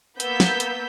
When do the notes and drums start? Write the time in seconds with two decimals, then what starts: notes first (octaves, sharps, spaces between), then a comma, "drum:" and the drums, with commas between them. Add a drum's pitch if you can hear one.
0.20 A#3 B3 E6 G6 B6, drum: hi-hat
0.40 drum: snare
0.60 drum: hi-hat